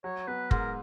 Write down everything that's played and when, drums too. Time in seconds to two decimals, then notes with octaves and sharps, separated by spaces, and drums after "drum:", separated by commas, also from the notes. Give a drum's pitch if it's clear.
0.04 F#3 C#5
0.27 B3 B4
0.51 G#2 A#4, drum: kick